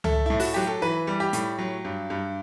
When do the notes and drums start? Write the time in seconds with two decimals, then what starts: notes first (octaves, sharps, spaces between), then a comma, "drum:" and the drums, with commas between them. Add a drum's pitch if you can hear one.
0.04 A3 A4, drum: tom C#2
0.26 A2 E4
0.40 F#4, drum: open hi-hat
0.54 F#3 G4
0.67 A4
0.82 E3 B4
1.07 G3
1.20 G4
1.33 A2, drum: hi-hat
1.58 F#3
1.85 G2
2.10 G2